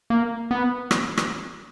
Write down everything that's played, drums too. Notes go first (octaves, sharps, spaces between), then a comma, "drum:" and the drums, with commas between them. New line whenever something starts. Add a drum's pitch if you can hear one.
A#3
B3
drum: rim click
drum: rim click